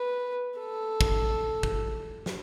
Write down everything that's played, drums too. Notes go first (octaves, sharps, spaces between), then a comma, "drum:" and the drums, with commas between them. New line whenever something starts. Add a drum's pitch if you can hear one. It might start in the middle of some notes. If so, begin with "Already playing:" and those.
Already playing: B4
A4
drum: kick
drum: kick
drum: snare